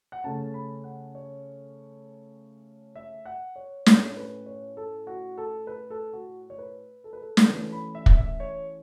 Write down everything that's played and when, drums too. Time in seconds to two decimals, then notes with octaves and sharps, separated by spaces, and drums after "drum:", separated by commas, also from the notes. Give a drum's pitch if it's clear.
0.12 F#5
0.24 C#3 A3 C#4 A5
0.54 B5
0.84 F#5
1.15 C#5
2.96 E5
3.25 F#5
3.56 C#5
3.86 A2 A3 C#4 C#5, drum: snare
4.17 B4
4.46 C#5
4.77 A4
5.07 F#4
5.38 A4
5.67 B4
5.90 A4
6.13 F#4
6.50 C#5
6.58 B4
7.04 A4
7.13 B4
7.22 A4
7.37 drum: snare
7.49 E3 A3 C#4 B4
7.72 B5
7.95 E5
8.06 drum: kick
8.17 E5
8.40 C#5